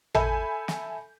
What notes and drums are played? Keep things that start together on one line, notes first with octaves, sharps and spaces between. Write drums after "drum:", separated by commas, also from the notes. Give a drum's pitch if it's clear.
A4 E5 G#5 B5 G6, drum: tom
drum: snare